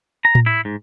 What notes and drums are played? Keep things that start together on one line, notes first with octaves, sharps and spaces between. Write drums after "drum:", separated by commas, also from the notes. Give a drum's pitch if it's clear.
A#5
drum: tom A2
E4
G#2